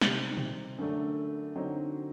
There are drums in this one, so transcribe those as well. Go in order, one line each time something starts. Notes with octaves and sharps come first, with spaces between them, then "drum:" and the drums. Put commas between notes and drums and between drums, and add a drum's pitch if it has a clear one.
C3 G3 C4 D#4, drum: snare
drum: tom A#2
F#2 D3 A3 D4
D3 F#3 C4 D#4